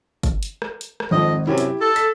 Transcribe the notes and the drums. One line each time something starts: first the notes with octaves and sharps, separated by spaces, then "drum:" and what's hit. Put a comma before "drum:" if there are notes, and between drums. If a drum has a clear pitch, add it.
drum: kick G1, hi-hat
drum: hi-hat
drum: rim click
drum: hi-hat
drum: rim click
G#1 F2 D#5
F#2 C3 E4 G4
drum: hi-hat
A4
B6, drum: hi-hat